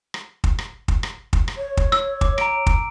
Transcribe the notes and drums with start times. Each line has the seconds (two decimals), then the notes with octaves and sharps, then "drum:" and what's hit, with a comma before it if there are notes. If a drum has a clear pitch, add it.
0.14 drum: rim click
0.44 drum: kick
0.59 drum: rim click
0.88 drum: kick
1.03 drum: rim click
1.33 drum: kick
1.48 drum: rim click
1.57 C#5
1.77 drum: kick
1.92 E6, drum: rim click
2.21 D6, drum: kick
2.38 A#5 D7, drum: rim click
2.66 drum: kick